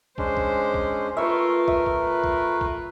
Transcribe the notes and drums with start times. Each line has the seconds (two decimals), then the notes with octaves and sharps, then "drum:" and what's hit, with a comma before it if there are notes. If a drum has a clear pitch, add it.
0.18 G#3 C#4 D4 C5, drum: kick
0.37 drum: kick
0.74 drum: kick
1.17 A3 F4 A#4 B4 C#5 E5
1.68 E5, drum: kick
1.86 drum: kick
1.98 F4 B4
2.24 drum: kick
2.61 drum: kick